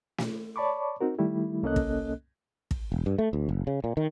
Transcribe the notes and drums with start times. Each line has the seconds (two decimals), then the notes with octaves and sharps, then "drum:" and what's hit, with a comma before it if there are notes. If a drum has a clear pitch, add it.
0.18 drum: snare
0.56 C#5 D5 A5 B5 C#6 D6
1.01 C4 D#4 F#4 A#4
1.19 D#3 G3 A3 E4
1.63 C2 A#3 C#4 A4 D#5 F#6
1.76 drum: kick
2.71 drum: kick
2.92 E1
3.06 G2
3.18 A3
3.33 D2
3.49 F#1
3.67 C#3
3.84 A#2
3.97 D#3